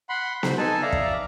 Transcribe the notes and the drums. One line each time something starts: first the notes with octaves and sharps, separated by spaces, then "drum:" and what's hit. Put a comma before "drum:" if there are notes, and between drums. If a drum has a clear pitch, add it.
F#5 B5 C6
C5, drum: snare B3
D#4 A4 G#5 A5
D5 E5 F5 A#5
drum: kick